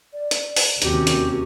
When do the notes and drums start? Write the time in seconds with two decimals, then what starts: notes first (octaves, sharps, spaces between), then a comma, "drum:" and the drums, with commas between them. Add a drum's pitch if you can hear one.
0.14 D5
0.31 drum: hi-hat
0.56 drum: open hi-hat
0.82 D#2 C3 C#4 F#4 G4, drum: hi-hat
1.07 drum: hi-hat